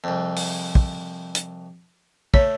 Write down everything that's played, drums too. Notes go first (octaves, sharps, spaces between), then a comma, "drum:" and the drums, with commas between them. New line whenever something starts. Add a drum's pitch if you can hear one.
C2 F2
drum: open hi-hat
drum: kick
drum: hi-hat
A3 C#5, drum: kick